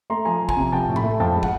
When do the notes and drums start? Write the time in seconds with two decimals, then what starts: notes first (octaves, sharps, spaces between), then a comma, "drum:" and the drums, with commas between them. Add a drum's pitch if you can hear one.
0.10 A3 A#5 C6
0.25 F3 G#5 A#5
0.42 F3
0.49 G#5 A#5, drum: kick
0.57 C3
0.72 F3 G5 A5
0.88 A2
0.96 A5 B5, drum: tom A2
1.04 A3
1.20 F2 G5 A5
1.36 G#3
1.43 F#5, drum: kick